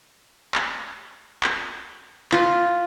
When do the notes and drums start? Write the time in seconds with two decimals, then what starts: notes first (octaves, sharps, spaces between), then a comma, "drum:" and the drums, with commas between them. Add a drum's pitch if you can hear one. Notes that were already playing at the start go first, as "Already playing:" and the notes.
0.55 drum: clap
1.44 drum: clap
2.32 F4, drum: clap